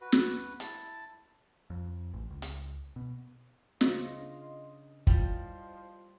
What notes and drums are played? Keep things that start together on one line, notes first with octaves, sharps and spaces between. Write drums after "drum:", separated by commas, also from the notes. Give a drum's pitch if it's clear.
F#4 B4
drum: snare
E4 A5, drum: hi-hat
F2
A1
C#2
drum: hi-hat
B2
C#3 D#4 F4 C5 D#5, drum: snare
D4
F3 G3 E4 F4, drum: kick